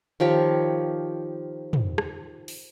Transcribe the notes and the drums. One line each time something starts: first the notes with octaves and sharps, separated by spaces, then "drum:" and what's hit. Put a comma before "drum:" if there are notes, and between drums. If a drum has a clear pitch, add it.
D#3 F3 G4 C#5
drum: tom
drum: rim click
drum: open hi-hat